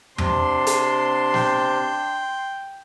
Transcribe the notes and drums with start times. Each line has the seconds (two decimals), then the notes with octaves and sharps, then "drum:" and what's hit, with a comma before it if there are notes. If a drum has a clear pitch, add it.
0.18 C3 D4 C6, drum: tom E2
0.67 drum: hi-hat
1.34 G5, drum: snare